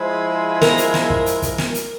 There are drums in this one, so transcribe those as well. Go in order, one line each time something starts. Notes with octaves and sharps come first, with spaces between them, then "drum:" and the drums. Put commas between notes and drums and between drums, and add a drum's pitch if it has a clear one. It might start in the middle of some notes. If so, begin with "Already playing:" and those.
Already playing: F3 G#3 E4 G#4 C5
A#4, drum: snare
drum: hi-hat
drum: snare
drum: kick
drum: hi-hat
drum: kick, hi-hat
drum: snare
drum: hi-hat